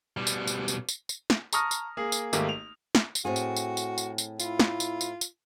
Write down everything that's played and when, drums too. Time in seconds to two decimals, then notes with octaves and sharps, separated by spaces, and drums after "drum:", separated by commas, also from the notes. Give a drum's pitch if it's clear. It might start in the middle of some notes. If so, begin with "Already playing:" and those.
0.17 B2 G3
0.27 drum: tambourine
0.47 drum: tambourine
0.68 drum: tambourine
0.89 drum: tambourine
1.09 drum: tambourine
1.30 drum: snare
1.53 A5 A#5 C#6 D#6 F6 A#6, drum: tambourine
1.71 drum: tambourine
1.97 A#3 G#4
2.12 drum: tambourine
2.33 G#1 A3 A#3 G4, drum: tambourine
2.49 F7
2.95 drum: snare
3.15 drum: tambourine
3.25 A2 C4 F#4 G#4
3.36 drum: tambourine
3.56 drum: tambourine
3.77 drum: tambourine
3.98 drum: tambourine
4.18 drum: tambourine
4.40 E4 F4, drum: tambourine
4.60 drum: snare
4.80 drum: tambourine
5.01 drum: tambourine
5.21 drum: tambourine